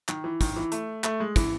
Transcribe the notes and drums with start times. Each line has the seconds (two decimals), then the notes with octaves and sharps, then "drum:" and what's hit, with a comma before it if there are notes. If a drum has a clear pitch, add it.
0.09 D#3, drum: clap
0.24 E3
0.41 D#3, drum: kick, hi-hat
0.56 E3
0.72 A3, drum: hi-hat
1.04 A3, drum: clap
1.20 G#3
1.36 E3, drum: kick, hi-hat